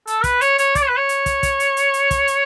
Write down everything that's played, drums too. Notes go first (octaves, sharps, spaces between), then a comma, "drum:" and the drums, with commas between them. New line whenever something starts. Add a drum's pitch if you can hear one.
A4, drum: hi-hat
B4, drum: kick, hi-hat
C#5, drum: hi-hat
C#5, drum: hi-hat
D5, drum: kick, hi-hat
C#5
B4
C#5
drum: hi-hat
drum: kick, hi-hat
drum: kick, hi-hat
drum: hi-hat
drum: hi-hat
drum: hi-hat
drum: kick, hi-hat
drum: hi-hat